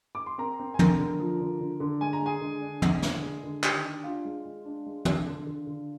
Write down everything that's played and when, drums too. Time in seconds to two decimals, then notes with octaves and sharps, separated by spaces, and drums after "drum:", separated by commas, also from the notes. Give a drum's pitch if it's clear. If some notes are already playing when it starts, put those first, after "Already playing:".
0.15 D6
0.26 C6
0.38 C4 A#4 A#5
0.59 C4
0.74 G#5
0.79 D3 A#4 A#5, drum: tom
0.99 D3
1.19 F3
1.41 D3
1.60 D3
1.80 D3
2.01 G#3 G#5
2.13 A#5
2.22 G#3 G#4 G#5
2.41 D3
2.62 D4
2.82 D3, drum: tom
3.02 D3, drum: snare
3.23 G#3
3.43 D3
3.64 D#3 G4 G5, drum: clap
3.83 D4
4.04 D4 F4 F5
4.25 G#3
4.45 G#3
4.65 D4
4.86 G#3
5.05 D4, drum: tom
5.27 D3
5.47 D3
5.67 D3